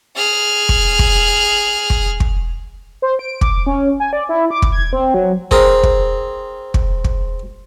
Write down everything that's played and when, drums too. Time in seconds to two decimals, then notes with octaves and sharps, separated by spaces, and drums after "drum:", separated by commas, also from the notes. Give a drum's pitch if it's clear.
0.16 G#4 F6
0.69 drum: kick
0.99 drum: kick
1.90 drum: kick
2.20 drum: kick
3.02 C5
3.19 D7
3.41 D6, drum: kick
3.67 C#4
4.00 G#5
4.13 D5
4.29 E4
4.51 D6
4.62 drum: kick
4.72 G#6
4.93 C4
5.14 F#3
5.51 C4 G#4 A#4, drum: kick
5.83 drum: kick
6.74 drum: kick
7.04 drum: kick